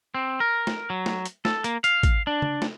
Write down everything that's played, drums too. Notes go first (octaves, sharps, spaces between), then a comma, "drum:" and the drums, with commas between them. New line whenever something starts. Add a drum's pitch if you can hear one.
C4
A#4
drum: snare
F#3
drum: snare
drum: hi-hat
A4, drum: snare
A#3, drum: hi-hat
F5, drum: hi-hat
drum: kick, hi-hat
D4
drum: tom C#3
drum: snare